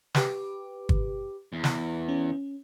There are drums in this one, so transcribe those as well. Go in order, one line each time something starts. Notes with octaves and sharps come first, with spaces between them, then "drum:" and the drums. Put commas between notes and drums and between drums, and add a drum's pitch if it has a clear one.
G4 B4 D6, drum: snare
drum: kick
E2
drum: snare
C#4